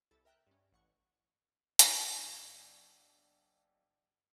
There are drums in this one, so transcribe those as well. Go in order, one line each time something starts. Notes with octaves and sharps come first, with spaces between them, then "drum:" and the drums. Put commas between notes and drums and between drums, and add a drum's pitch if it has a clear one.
C2 E4 A4 A6
A#4 E5 G5 A#5 F#6
G2 C#4
A1 F#5 C#6
drum: hi-hat
F#1 B1 D4 G6 G#6 A#6